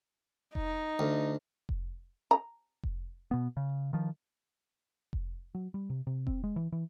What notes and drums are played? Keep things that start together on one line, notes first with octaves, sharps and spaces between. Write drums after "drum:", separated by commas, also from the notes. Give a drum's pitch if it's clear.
D#4, drum: kick F1
D2
drum: kick F1
A#5
drum: kick F1
B2 B3
C#3
D#3 F3
drum: kick F1
F#3
G3
C3
C3
C4, drum: kick F1
G#3
E3
E3